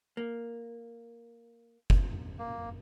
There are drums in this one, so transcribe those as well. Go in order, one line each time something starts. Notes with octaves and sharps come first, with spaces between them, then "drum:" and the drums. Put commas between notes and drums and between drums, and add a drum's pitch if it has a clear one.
A#3
drum: kick F#1
A#3